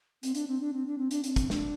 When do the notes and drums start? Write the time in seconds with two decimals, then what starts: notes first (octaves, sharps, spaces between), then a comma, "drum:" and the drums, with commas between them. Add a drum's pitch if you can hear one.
0.23 C4, drum: hi-hat
0.35 D4, drum: hi-hat
0.48 C4
0.60 D4
0.73 C4
0.86 D4
0.98 C4
1.11 D4, drum: hi-hat
1.24 C4, drum: hi-hat
1.36 drum: kick, hi-hat
1.50 D4, drum: snare